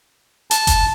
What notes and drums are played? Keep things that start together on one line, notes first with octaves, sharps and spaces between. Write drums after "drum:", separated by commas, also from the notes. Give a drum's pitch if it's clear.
A5, drum: hi-hat
drum: kick F#1, hi-hat